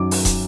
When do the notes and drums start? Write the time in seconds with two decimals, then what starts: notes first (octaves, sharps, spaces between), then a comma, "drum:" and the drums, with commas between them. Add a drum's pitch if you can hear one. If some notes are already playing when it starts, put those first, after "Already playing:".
Already playing: F#2 D#3 F#3 D6
0.11 drum: open hi-hat
0.25 drum: kick, hi-hat